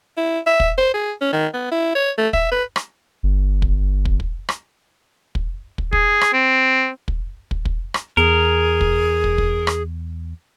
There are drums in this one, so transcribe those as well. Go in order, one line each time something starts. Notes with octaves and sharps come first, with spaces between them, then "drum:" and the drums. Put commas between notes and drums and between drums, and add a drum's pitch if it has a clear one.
E4
E5
drum: kick
C5
G#4
C#4
D#3
B3
E4
C#5
A3
E5, drum: kick
B4
drum: rim click
G1
drum: kick
drum: kick
drum: kick
drum: rim click
drum: kick
drum: kick
G#4, drum: kick
drum: rim click
C4
drum: kick
drum: kick
drum: kick
drum: rim click
E2 G#4 A#4
drum: kick
drum: kick
drum: kick
drum: rim click